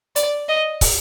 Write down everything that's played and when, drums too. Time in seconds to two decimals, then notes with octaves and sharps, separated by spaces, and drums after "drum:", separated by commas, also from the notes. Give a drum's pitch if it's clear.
0.16 D5, drum: hi-hat
0.49 D#5
0.81 drum: kick, open hi-hat